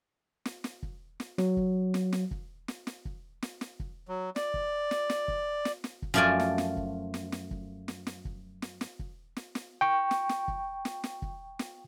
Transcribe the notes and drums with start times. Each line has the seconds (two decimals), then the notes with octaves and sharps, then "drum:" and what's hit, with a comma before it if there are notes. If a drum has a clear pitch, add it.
0.45 drum: snare
0.64 drum: snare
0.83 drum: kick
1.20 drum: snare
1.38 F#3, drum: snare
1.57 drum: kick
1.94 drum: snare
2.13 drum: snare
2.31 drum: kick
2.68 drum: snare
2.87 drum: snare
3.05 drum: kick
3.42 drum: snare
3.61 drum: snare
3.80 drum: kick
4.08 F#3
4.36 D5, drum: snare
4.54 drum: kick
4.91 drum: snare
5.10 drum: snare
5.28 drum: kick
5.65 drum: snare
5.84 drum: snare
6.02 drum: kick
6.14 F#2 F3 A3 F4 D5 G#5
6.39 drum: snare
6.58 drum: snare
6.77 drum: kick
7.14 drum: snare
7.32 drum: snare
7.51 drum: kick
7.88 drum: snare
8.07 drum: snare
8.25 drum: kick
8.62 drum: snare
8.81 drum: snare
8.99 drum: kick
9.36 drum: snare
9.55 drum: snare
9.81 G5 C#6
10.11 drum: snare
10.29 drum: snare
10.48 drum: kick
10.85 drum: snare
11.04 drum: snare
11.22 drum: kick
11.59 drum: snare